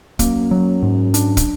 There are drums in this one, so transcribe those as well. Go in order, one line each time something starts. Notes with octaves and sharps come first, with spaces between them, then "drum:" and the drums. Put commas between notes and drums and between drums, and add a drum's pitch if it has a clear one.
F#2 A#3, drum: kick, hi-hat
F#3
G#2
D4, drum: hi-hat
drum: kick, hi-hat